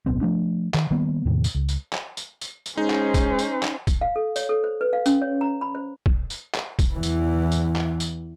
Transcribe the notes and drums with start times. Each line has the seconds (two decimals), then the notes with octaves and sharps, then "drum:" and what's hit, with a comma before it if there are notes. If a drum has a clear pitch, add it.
0.06 D1 B1 B3 C4
0.21 F3 A3 D4
0.74 D#3, drum: clap
0.91 D#3 G3 A#3 B3
1.26 E2 A2 C3 D#3
1.44 drum: tambourine
1.55 C#2
1.69 drum: tambourine
1.93 drum: clap
2.17 drum: tambourine
2.41 drum: tambourine
2.66 drum: tambourine
2.77 G#3 C#4 D#4 C5
2.90 drum: clap
3.14 drum: kick, tambourine
3.39 drum: tambourine
3.63 drum: clap
3.87 drum: kick, tambourine
4.01 F5
4.16 A4
4.36 C#5, drum: tambourine
4.49 A4
4.64 C5
4.81 B4
4.93 F5
5.06 C#4, drum: tambourine
5.22 C#5
5.41 A#5
5.61 B5
5.75 C5
6.06 drum: kick
6.30 drum: tambourine
6.54 drum: clap
6.79 drum: kick, tambourine
6.94 E2 E3
7.03 drum: tambourine
7.52 drum: tambourine
7.76 drum: clap
8.00 drum: tambourine